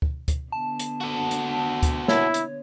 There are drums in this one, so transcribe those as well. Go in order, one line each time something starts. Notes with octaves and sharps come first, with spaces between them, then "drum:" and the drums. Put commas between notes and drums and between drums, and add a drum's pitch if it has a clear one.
drum: kick D2
drum: kick D2, hi-hat
D3 B3 A5
drum: hi-hat
F#4 A4
drum: hi-hat
drum: kick D2, hi-hat
E4 C#5, drum: snare
drum: hi-hat